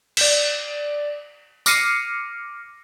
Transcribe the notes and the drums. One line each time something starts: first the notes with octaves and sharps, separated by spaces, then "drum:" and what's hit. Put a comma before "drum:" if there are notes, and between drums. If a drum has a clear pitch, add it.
D5 E7, drum: cymbal
D6 F6 A#6 C7 C#7 D#7, drum: tambourine